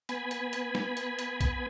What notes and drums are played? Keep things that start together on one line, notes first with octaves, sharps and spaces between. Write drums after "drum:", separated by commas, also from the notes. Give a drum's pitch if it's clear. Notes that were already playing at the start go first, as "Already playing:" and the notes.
B3 G#5 B5, drum: hi-hat
drum: hi-hat
drum: hi-hat
drum: snare
drum: hi-hat
drum: hi-hat
drum: kick A#1, hi-hat